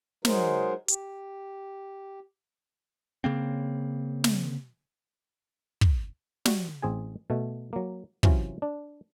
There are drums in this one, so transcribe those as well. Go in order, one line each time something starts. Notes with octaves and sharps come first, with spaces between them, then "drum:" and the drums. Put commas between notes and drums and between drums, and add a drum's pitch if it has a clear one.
F#3 G#3 D#4 G#4 A#4 C5, drum: snare
G4, drum: hi-hat
C#3 A#3 C4
drum: snare
drum: kick
G3 F#4, drum: snare
A1 C4 G#4 G#5
B2 A3
F#3 A#3
C3 E3 F#3 C#4 F4, drum: kick
D4